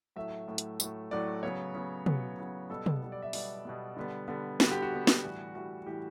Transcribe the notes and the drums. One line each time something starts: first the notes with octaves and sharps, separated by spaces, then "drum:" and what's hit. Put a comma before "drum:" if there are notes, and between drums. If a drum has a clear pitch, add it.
A2 F#3 A3 E5
A2 F#3 A3
drum: hi-hat
A2 F#3 A3, drum: tambourine
A2 F#3 A3 D5
C#3 F#3 B3 C#5
C#3 F#3 B3
C#3 F#3 B3, drum: tom
C#3 F#3 B3
B2 G3 B3 A4
drum: tom
B2 G3 B3
D5
E5
B2 G3 B3 D5, drum: open hi-hat
B2 G3 B3
D3 G3 B3
D3 G3 B3
D3 G3 B3 F#4, drum: snare
G4
F#4
D3 G3 B3
drum: snare
A2 E3 G3
A2 E3 G3 F#4
A2 E3 G3 G4